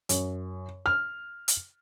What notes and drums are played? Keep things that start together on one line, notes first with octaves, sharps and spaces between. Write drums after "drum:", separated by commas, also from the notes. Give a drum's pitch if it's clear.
F#2, drum: hi-hat
F6
drum: hi-hat